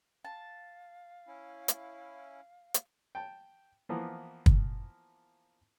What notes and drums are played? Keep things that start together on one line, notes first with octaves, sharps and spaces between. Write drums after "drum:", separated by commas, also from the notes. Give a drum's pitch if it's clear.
F5 A5
C#4 E4
drum: hi-hat
drum: hi-hat
G5 A5
E3 F3 A#3 B3
drum: kick